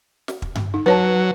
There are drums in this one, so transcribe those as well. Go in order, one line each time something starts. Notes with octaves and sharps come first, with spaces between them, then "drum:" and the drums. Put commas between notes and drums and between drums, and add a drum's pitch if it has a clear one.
drum: snare
drum: kick
drum: tom G2
D#4
F#3 B4 C#5 A5